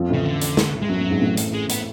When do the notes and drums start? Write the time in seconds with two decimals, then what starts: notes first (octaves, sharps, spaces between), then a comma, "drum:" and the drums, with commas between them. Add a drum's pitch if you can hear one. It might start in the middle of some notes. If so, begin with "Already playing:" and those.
Already playing: F2 F3
0.10 A1 A2 C#3
0.25 D3
0.41 drum: hi-hat
0.57 drum: snare
0.82 G#3
0.89 F#2 F#3
1.00 F#2
1.10 G#1 G#2
1.21 A1 A2
1.37 drum: hi-hat
1.53 G#3
1.69 B3, drum: hi-hat